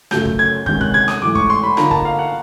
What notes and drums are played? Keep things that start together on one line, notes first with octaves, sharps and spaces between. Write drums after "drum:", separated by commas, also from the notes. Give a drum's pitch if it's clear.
F#2 C#3 F#3 A3 G6, drum: rim click
drum: kick
G#6
C3 D#3 G#3 C#4 G6, drum: kick
F#6, drum: kick
G#6
D#6, drum: rim click
G#2 E3 A3 D6
C#6, drum: kick
C6
B5
D3 F3 A#3 D#4 A#5, drum: rim click
A5, drum: kick
F5
F#5